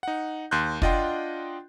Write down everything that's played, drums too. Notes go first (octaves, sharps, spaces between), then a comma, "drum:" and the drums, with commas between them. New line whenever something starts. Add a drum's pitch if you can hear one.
D#4 F#5
D#2 C6 F#6 G6
D4 F4 D#5 F#5 G5 C6, drum: kick